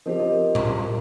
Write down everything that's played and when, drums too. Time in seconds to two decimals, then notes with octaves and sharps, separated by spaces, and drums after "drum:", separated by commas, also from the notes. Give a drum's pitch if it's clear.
0.06 F3 C4 G4 A#4 D#5
0.19 A#4 D#5
0.55 drum: tom A2